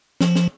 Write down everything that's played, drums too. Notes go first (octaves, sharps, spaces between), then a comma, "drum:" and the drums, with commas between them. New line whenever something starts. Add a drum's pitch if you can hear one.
F3, drum: snare
drum: snare